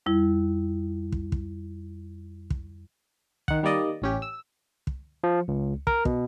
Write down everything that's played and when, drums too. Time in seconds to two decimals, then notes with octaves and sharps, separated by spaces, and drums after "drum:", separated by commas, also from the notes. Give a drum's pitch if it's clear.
0.06 F2 G3 E4
1.12 drum: kick
1.32 drum: kick
2.50 drum: kick
3.48 D#3 F#5, drum: kick
3.63 D#3 G3 A#3 D5 D#5
4.02 A1 C#4 G4
4.22 E6
4.87 drum: kick
5.24 F3
5.48 C#2
5.87 A#4, drum: kick
6.05 B2, drum: kick